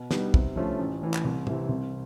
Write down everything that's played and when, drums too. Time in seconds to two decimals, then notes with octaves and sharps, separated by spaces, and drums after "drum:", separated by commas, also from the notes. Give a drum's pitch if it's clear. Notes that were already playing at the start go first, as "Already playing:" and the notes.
Already playing: B2
0.11 G3 B3 D#4, drum: snare
0.34 C3, drum: kick
0.56 F3 A3 C#4 F4
0.79 A1
1.02 A2 E3
1.14 drum: clap
1.24 C2
1.47 C3 E3, drum: tom
1.69 C2